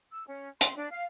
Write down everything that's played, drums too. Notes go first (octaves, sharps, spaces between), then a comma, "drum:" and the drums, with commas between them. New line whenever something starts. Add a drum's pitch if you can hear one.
E6
C#4
C6, drum: hi-hat
D4
F5